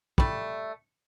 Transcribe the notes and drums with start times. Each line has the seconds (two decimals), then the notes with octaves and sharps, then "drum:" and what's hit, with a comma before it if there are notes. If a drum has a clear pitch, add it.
0.18 G3 A3, drum: kick